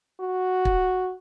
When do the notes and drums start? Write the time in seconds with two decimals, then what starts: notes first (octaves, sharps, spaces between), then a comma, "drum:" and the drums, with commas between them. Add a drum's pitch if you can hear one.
0.21 F#4
0.65 drum: kick